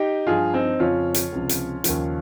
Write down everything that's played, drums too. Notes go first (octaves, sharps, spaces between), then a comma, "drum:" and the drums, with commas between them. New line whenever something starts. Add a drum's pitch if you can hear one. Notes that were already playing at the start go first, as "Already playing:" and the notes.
Already playing: D#4 G4
G2 F3 F4 G#4
C4 D#4
F2 C#3 F3 C#4 F4
drum: hi-hat
C#2 C3 F3
drum: hi-hat
D#2 C#3 F3, drum: hi-hat